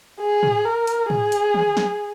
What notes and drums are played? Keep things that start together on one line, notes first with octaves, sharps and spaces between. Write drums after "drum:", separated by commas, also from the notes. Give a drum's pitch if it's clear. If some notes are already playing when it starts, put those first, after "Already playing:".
G#4
drum: tom
A#4
drum: hi-hat
G#4, drum: tom
drum: hi-hat
drum: tom
drum: snare